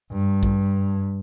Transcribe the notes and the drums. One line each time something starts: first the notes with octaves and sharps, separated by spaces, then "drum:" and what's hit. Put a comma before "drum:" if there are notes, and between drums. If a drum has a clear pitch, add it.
G2
drum: kick